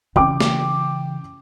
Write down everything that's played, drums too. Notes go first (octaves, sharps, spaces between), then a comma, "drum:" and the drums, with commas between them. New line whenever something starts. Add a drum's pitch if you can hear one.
C#3 E3 G5 D6
drum: snare